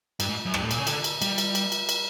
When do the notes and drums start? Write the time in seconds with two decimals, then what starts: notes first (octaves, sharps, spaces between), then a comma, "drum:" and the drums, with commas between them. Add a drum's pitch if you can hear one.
0.20 G2, drum: cymbal
0.29 G#2
0.46 F#2
0.54 G2, drum: rim click
0.62 A2
0.71 A#2, drum: cymbal
0.79 C#3
0.87 D3, drum: cymbal
1.04 drum: cymbal
1.22 G3, drum: cymbal
1.38 drum: cymbal
1.55 drum: cymbal
1.72 drum: cymbal
1.89 drum: cymbal